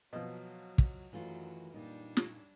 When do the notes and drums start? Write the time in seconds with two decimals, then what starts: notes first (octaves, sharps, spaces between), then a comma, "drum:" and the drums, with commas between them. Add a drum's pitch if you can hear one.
0.13 B2 F3 F#3
0.78 drum: kick
1.13 F#2 D#3 E3 F#3 A3 F4
1.74 A#2 G3 D4 D#4
2.17 drum: snare